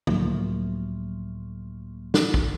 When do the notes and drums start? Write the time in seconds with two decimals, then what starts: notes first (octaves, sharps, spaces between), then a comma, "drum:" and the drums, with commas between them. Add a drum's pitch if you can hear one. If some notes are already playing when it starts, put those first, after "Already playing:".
0.07 C#2 A2 F3 F#3 A#3, drum: tom
2.14 drum: snare
2.34 drum: kick